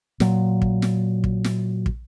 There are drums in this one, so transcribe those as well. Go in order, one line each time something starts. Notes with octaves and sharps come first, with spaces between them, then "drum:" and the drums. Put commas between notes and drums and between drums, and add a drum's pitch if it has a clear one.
A#2 F#3, drum: snare
drum: kick
drum: snare
drum: kick
drum: snare
drum: kick